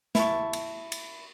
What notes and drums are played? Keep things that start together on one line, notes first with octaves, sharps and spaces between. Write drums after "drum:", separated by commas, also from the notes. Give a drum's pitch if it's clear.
E4 A5 C#6, drum: snare
drum: cymbal
drum: cymbal